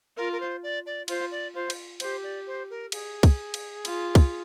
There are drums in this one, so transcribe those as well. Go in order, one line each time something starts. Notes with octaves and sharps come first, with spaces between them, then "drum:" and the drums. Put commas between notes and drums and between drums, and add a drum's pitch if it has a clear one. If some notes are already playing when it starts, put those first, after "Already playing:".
F4 A#4
A#4
C5
D5
D5
F4 C5, drum: cymbal
D5
F4 C5
drum: cymbal
G4 C5, drum: cymbal
D5
C5
A#4
G#4, drum: cymbal
drum: kick, cymbal
drum: cymbal
F4, drum: cymbal
drum: kick, cymbal